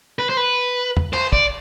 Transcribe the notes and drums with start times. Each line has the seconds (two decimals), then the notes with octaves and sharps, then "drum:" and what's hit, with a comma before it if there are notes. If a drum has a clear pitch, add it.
0.19 B4
0.29 C5
0.37 B4
0.97 drum: tom
1.13 C5, drum: cymbal
1.33 D5, drum: kick